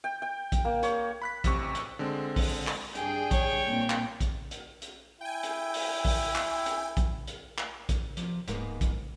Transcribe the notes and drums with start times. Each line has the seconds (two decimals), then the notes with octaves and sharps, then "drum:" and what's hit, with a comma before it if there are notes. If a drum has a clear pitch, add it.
0.04 G5
0.22 G5
0.52 drum: kick A#1, hi-hat
0.65 A#3
0.83 C#5, drum: hi-hat
1.22 B5 F#6 B6
1.44 A1 C3 C#6, drum: kick A#1, hi-hat
1.75 drum: hi-hat
1.99 D3 G#3 C4
2.36 drum: kick A#1, open hi-hat
2.67 drum: clap
2.95 G2 D4 G#4 G5, drum: hi-hat
3.31 C#5, drum: kick A#1, hi-hat
3.67 A#2 C4
3.90 drum: clap
4.20 drum: kick A#1, hi-hat
4.51 drum: hi-hat
4.82 drum: hi-hat
5.21 E4 G5 G#5
5.43 drum: hi-hat
5.74 drum: open hi-hat
6.05 drum: kick A#1, open hi-hat
6.35 drum: clap
6.66 drum: hi-hat
6.97 drum: kick A#1, hi-hat
7.27 drum: hi-hat
7.58 drum: clap
7.89 drum: kick A#1, hi-hat
8.17 C3 F3, drum: hi-hat
8.48 D1 G#2 A#3 B3, drum: hi-hat
8.81 drum: kick A#1, hi-hat